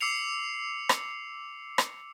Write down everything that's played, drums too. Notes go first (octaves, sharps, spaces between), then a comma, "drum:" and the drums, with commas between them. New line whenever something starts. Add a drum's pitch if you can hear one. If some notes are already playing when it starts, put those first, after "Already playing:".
D6 E6 C7 C#7 F7
drum: rim click
drum: rim click